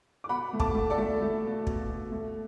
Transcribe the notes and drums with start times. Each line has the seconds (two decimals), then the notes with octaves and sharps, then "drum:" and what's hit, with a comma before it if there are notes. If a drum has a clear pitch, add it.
0.24 D6
0.29 B2 F#5 B5
0.53 A3
0.60 A5 D6, drum: kick
0.75 A3
0.90 A4 D5
0.98 A3
1.21 A3
1.44 B2
1.67 B2, drum: kick
1.90 B2
2.11 A3